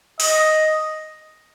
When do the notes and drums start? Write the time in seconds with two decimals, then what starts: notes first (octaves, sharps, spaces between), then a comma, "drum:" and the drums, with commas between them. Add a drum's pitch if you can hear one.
0.20 D#5, drum: open hi-hat